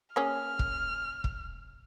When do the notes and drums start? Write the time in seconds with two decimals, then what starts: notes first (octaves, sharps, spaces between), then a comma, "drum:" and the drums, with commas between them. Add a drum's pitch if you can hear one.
0.16 A#3 C#4 G#4 F6
0.59 drum: kick
1.24 drum: kick